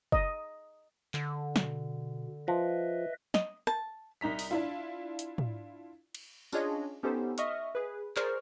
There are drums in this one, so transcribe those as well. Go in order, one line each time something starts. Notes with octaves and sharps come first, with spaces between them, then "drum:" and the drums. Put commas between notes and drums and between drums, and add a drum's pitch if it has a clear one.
D#5, drum: kick F#1
D3, drum: clap
B2, drum: snare
F3 B4 D#5 E5
D#5, drum: snare
A5, drum: rim click
C2 D#4 A#5 B6
drum: open hi-hat
D4 E4 F4
drum: hi-hat
drum: tom
drum: cymbal
C#4 D4 F4 G#4 C#5 D#5, drum: tambourine
B3 C#4 D#4 G4 A4 C5
D#5 E5 C#6 D#6 F6, drum: hi-hat
G#4 B4
G#4 A#4 C5 D5 C#6 F6, drum: clap